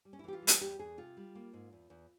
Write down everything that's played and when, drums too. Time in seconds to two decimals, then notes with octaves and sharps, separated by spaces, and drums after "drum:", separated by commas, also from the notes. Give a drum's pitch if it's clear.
0.05 G3
0.13 C#4
0.19 E4
0.24 E3 G4
0.33 F4
0.42 G3
0.47 G4, drum: hi-hat
0.61 E2 G4
0.79 E2 G#4
0.98 C3 F4
1.17 G3
1.35 A#3
1.53 G#2
1.73 E2
1.90 E2